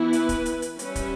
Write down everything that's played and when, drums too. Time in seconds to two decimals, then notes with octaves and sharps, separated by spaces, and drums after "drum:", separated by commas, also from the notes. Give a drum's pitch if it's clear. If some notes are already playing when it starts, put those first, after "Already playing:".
Already playing: E3 B3 E4
0.13 B4, drum: hi-hat
0.29 drum: kick, hi-hat
0.46 drum: hi-hat
0.62 drum: hi-hat
0.79 G3 C#4 E4 B4, drum: hi-hat
0.96 drum: kick, hi-hat